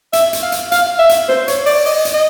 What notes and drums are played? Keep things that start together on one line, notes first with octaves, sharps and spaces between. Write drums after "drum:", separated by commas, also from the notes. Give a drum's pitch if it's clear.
E5, drum: hi-hat
drum: hi-hat
F5
drum: hi-hat
F5, drum: hi-hat
E5
drum: hi-hat
C5, drum: snare
C#5, drum: hi-hat
D5, drum: open hi-hat
D#5, drum: open hi-hat
drum: hi-hat
D#5